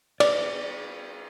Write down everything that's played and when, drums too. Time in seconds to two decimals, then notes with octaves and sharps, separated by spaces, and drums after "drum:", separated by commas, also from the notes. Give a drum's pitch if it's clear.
0.20 D5, drum: cymbal